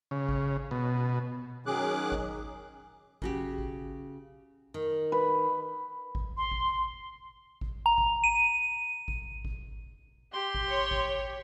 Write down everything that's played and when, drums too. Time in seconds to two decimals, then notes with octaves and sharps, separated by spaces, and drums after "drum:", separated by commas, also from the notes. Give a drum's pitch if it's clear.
0.11 C#3
0.29 drum: kick G#1
0.71 B2
1.66 D#3 F#3 C#4 G#4 D6 F#6
2.12 drum: kick G#1
3.22 C#3 F#4 G4, drum: kick G#1
3.58 drum: kick G#1
4.74 D#3
5.12 B4
6.15 drum: kick G#1
6.37 C6
6.51 drum: kick G#1
7.61 drum: kick G#1
7.86 A#5
7.98 drum: kick G#1
8.24 D#7
9.08 drum: kick G#1
9.45 drum: kick G#1
10.33 G4 C6
10.55 drum: kick G#1
10.69 C#5
10.91 drum: kick G#1